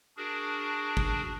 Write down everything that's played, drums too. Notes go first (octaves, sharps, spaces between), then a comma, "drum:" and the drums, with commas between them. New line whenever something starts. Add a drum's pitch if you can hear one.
D4 F#4 G#4 A#4
drum: kick